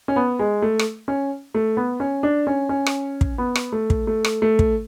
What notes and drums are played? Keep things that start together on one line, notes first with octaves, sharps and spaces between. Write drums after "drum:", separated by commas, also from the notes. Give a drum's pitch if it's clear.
C#4
B3
G#3
A3
drum: rim click
C#4
A3
B3
C#4
D4
C#4
C#4
drum: rim click
drum: kick
B3
drum: rim click
A3
drum: kick
A3
drum: rim click
A3
drum: kick